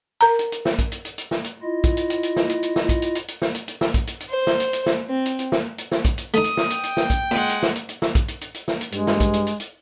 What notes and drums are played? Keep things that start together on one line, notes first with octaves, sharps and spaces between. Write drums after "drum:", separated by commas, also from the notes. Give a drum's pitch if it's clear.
A#4 A#5
drum: hi-hat
drum: hi-hat
drum: snare
drum: kick A#1, hi-hat
drum: hi-hat
drum: hi-hat
drum: hi-hat
drum: snare
drum: hi-hat
E4 F4 D#5
drum: kick A#1, hi-hat
drum: hi-hat
drum: hi-hat
drum: hi-hat
drum: snare
drum: hi-hat
drum: hi-hat
drum: snare
drum: kick A#1, hi-hat
drum: hi-hat
drum: hi-hat
drum: hi-hat
drum: snare
drum: hi-hat
drum: hi-hat
drum: snare
drum: kick A#1, hi-hat
drum: hi-hat
drum: hi-hat
C5
drum: snare
drum: hi-hat
drum: hi-hat
drum: snare
C4
drum: hi-hat
drum: hi-hat
drum: snare
drum: hi-hat
drum: snare
drum: kick A#1, hi-hat
drum: hi-hat
A3 D#4 D#6, drum: hi-hat
drum: hi-hat
drum: snare
G5, drum: hi-hat
drum: hi-hat
drum: snare
drum: kick A#1, hi-hat
A#2 G#3 F#5
drum: hi-hat
drum: snare
drum: hi-hat
drum: hi-hat
drum: snare
drum: kick A#1, hi-hat
drum: hi-hat
drum: hi-hat
drum: hi-hat
drum: snare
drum: hi-hat
G2 G#3, drum: hi-hat
drum: snare
drum: kick A#1, hi-hat
drum: hi-hat
drum: hi-hat
drum: hi-hat